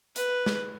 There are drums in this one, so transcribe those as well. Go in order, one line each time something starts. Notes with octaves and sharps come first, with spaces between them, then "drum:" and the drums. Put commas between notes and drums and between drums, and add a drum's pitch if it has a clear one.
B4, drum: hi-hat
drum: snare